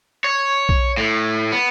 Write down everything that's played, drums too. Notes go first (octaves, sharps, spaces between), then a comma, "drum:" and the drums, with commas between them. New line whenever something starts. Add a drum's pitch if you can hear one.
C#5
drum: kick B1
A2
B3